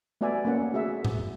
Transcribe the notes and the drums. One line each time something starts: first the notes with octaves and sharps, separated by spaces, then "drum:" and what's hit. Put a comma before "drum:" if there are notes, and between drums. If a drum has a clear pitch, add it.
A3 B3 F#4 D5 E5 G#5
A#3 B3 C#4 F#5
A3 F#4 G#4 E5 F#5
drum: tom A2